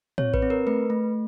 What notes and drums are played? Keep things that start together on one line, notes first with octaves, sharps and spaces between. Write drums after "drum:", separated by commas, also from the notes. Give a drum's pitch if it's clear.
C4 C#5, drum: tom A2
B4, drum: kick A#1
C4
A#4
A3 B4
A3